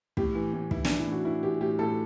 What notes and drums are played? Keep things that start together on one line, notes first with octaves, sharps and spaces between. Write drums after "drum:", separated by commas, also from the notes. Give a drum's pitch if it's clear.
A2 G4, drum: kick
E3
A2
E3 E4, drum: kick
D4, drum: snare
E3
E4
A2 F#4
E3 E4
E3 G4
A2 G4
A2 A4